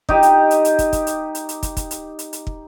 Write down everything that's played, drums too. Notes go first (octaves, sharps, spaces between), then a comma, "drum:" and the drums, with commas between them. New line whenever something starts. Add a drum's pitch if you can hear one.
D#4 G4 D#5, drum: kick
drum: hi-hat
drum: hi-hat
drum: hi-hat
drum: kick, hi-hat
drum: kick, hi-hat
drum: hi-hat
drum: hi-hat
drum: hi-hat
drum: kick, hi-hat
drum: kick, hi-hat
drum: hi-hat
drum: hi-hat
drum: hi-hat
drum: kick